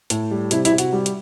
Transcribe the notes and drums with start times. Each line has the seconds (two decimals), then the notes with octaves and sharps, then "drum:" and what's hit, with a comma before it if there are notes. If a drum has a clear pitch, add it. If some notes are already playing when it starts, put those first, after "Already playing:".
0.10 A2, drum: hi-hat
0.31 G3
0.51 C3 E4, drum: hi-hat
0.65 E4, drum: hi-hat
0.72 C3
0.78 F#4, drum: hi-hat
0.93 G3
1.06 drum: hi-hat